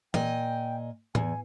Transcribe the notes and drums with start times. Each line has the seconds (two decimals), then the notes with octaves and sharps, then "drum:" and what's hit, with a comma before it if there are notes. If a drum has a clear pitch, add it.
0.14 A#2 D#5 G5 G#5, drum: tom
1.15 E2 G#5, drum: tom A2